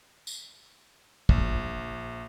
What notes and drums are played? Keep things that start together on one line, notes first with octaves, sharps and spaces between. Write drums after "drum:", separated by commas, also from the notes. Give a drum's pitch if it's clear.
drum: tambourine
A#1, drum: kick